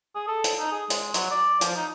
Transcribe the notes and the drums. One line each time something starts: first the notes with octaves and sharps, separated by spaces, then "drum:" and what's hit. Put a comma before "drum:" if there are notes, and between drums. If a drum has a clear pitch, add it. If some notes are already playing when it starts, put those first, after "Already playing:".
G#4
A4
drum: hi-hat
D#4
G#4
G#3, drum: hi-hat
F#3, drum: hi-hat
D5
F3, drum: hi-hat
D#4